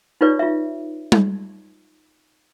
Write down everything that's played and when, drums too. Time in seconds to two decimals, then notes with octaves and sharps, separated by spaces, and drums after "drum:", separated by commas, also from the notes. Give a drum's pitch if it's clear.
0.21 D#4 F4 G4 B4 C#5 D5
0.39 F4 E5
1.12 drum: tom G3